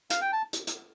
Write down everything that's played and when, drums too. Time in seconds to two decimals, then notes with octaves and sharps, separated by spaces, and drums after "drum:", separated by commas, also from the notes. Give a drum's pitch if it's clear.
0.10 F5, drum: hi-hat
0.22 G5
0.33 A5
0.53 drum: hi-hat
0.67 drum: hi-hat